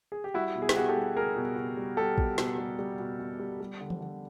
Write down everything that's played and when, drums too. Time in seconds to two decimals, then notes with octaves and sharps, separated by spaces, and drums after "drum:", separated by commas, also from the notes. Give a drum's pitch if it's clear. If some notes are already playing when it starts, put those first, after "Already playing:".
0.12 G#4
0.24 G4
0.34 G3 E4 F#4
0.55 B2
0.62 G#4
0.69 G4, drum: snare
0.76 B2 F#4 G#4
0.88 G4 A4
0.96 G3
1.16 G3 G#4 A#4
1.36 B2
1.56 B2
1.77 G3
1.97 G3 G4 A4
2.18 B2, drum: kick
2.38 B2, drum: snare
2.58 G3
2.79 G3
2.99 B2
3.19 B2
3.40 G3
3.61 G3
3.81 D3
3.90 drum: tom E3
4.00 D3